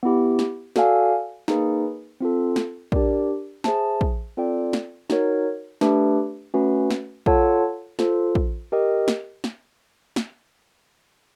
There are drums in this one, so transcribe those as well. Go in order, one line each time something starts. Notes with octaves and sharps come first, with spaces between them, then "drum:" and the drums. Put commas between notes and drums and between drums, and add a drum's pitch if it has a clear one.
B3 E4 G4
drum: snare
F#4 A4 D5 F5 G#5, drum: snare
A#3 D#4 G#4 B4, drum: snare
C4 F4 A4
drum: snare
D4 G4 A#4 D5, drum: kick
G#4 C5 E5 A5, drum: snare
drum: kick
C4 F4 A4 D5 G5
drum: snare
D#4 F#4 A#4 C#5, drum: snare
A3 D4 G4 B4, drum: snare
A3 C#4 F#4 B4
drum: snare
F4 A4 C#5 F#5 A5, drum: kick
F4 A4 C5, drum: snare
drum: kick
G4 A#4 D#5 G5
drum: snare
drum: snare
drum: snare